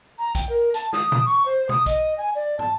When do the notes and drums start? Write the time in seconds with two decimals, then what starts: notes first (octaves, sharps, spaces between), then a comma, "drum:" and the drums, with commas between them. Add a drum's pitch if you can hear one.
0.19 A#5
0.35 G5, drum: kick B1, hi-hat
0.49 A#4
0.74 A5, drum: hi-hat
0.93 D#6, drum: snare
1.12 drum: tom
1.26 C#6
1.46 C5
1.69 D#6, drum: tom B2
1.86 D#5, drum: kick B1, hi-hat
2.18 G#5
2.35 D5
2.59 A5, drum: tom